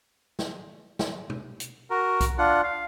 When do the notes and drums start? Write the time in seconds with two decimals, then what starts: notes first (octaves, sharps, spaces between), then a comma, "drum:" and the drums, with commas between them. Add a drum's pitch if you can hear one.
0.39 drum: snare
0.99 drum: snare
1.30 drum: tom B2
1.60 drum: hi-hat
1.90 F#4 A#4
2.21 drum: kick C2, hi-hat
2.38 D4 F4 F#5
2.64 F5